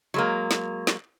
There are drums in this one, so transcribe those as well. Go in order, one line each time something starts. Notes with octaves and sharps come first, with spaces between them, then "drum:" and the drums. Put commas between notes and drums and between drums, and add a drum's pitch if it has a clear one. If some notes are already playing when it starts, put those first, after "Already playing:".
F#3 G#3 A#3
drum: snare
drum: snare